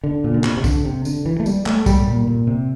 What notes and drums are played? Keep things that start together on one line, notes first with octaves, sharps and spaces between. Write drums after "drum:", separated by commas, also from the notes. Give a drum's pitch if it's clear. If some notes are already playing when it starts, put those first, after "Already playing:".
D3
A#2
D3
C3, drum: clap
C3
D3, drum: kick, tambourine
C3
D3, drum: tambourine
E3
A3
G3, drum: tambourine
A3, drum: clap
G3, drum: kick, tambourine
A2
A#2
A#2
C3